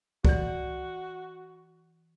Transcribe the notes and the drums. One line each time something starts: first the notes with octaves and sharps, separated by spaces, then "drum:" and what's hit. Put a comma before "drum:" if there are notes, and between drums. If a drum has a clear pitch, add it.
E3 F#4 D5, drum: kick